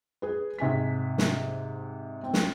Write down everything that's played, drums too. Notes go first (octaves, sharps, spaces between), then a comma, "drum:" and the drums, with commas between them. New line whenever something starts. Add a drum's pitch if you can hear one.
G#4 B4
G#2 C3 G#5 B6
drum: snare
C4
drum: snare